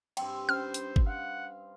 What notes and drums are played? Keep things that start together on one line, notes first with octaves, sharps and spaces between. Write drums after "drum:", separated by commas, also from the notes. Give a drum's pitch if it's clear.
G2 C4 G5 C6, drum: cymbal
C#4 C5 F6
drum: hi-hat
drum: kick
F5 F#5